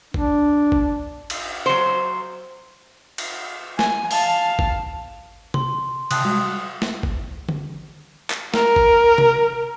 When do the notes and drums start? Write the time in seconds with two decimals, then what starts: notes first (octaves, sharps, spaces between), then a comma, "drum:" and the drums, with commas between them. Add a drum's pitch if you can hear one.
0.14 D4, drum: kick G#1
0.72 drum: kick G#1
1.30 drum: cymbal
1.66 F#3 C5
3.18 drum: cymbal
3.79 G#5, drum: snare
4.11 F5 A5, drum: open hi-hat
4.59 drum: kick G#1
5.54 C6, drum: tom C3
6.11 C3 G5 A5 D#6 F#6, drum: cymbal
6.24 G3 G#3 F#4
6.82 drum: snare
7.03 drum: kick G#1
7.49 drum: tom D3
8.30 drum: clap
8.54 A#4, drum: snare
8.76 drum: kick G#1
9.18 drum: tom C3